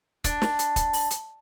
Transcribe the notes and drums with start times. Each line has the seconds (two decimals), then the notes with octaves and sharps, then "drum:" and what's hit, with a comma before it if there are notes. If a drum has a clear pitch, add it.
0.24 D4, drum: kick, hi-hat
0.42 drum: snare
0.59 drum: hi-hat
0.76 drum: kick, hi-hat
0.93 drum: open hi-hat
1.10 drum: hi-hat